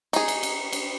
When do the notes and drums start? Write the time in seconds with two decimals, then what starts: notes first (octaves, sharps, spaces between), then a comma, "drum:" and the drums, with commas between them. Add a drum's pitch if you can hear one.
0.13 D#4 G#4, drum: cymbal
0.28 drum: cymbal
0.43 drum: cymbal
0.73 drum: cymbal